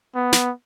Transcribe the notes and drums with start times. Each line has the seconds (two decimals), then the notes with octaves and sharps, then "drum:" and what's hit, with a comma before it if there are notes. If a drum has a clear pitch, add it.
0.16 B3
0.33 drum: snare